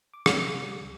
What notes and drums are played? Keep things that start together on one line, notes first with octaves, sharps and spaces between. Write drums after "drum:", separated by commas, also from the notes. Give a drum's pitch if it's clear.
D6
C3, drum: rim click
G3
C#2